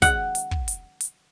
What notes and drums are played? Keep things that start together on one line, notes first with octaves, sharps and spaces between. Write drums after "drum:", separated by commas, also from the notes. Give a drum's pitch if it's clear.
F#5, drum: kick, hi-hat
drum: hi-hat
drum: kick
drum: hi-hat
drum: hi-hat